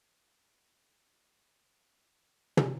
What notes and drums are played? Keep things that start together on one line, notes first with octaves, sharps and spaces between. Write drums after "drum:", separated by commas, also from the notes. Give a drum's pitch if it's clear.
A#4
F#2 C3 E4 C#5 E5
E3 F#4
D#4
drum: tom